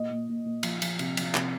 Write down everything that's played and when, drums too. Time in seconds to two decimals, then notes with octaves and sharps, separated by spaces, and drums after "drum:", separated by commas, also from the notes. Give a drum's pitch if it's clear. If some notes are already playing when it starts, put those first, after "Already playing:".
Already playing: A#2 D#5
0.10 A#2
0.29 A#2
0.45 A#2
0.63 F3, drum: cymbal
0.82 F3, drum: cymbal
0.99 C3, drum: cymbal
1.17 F3, drum: cymbal
1.34 C3, drum: clap